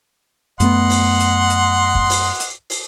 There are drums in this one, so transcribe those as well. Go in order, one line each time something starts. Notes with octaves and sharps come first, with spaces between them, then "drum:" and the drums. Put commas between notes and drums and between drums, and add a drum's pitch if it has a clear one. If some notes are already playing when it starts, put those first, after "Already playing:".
F#2 A3 B3 D#5 F#5 C6, drum: hi-hat
drum: open hi-hat
drum: hi-hat
drum: hi-hat
drum: kick
drum: open hi-hat
drum: hi-hat
drum: open hi-hat